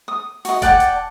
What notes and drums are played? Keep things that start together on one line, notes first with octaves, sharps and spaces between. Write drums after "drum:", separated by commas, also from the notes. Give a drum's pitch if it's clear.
D#6
F#4 D#5, drum: open hi-hat
D5 F#5 G5 A5, drum: kick E1, hi-hat
drum: hi-hat